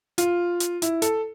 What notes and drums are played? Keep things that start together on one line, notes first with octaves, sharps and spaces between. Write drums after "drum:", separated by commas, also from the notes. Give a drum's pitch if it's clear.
F4, drum: hi-hat
drum: hi-hat
E4, drum: hi-hat
A4, drum: hi-hat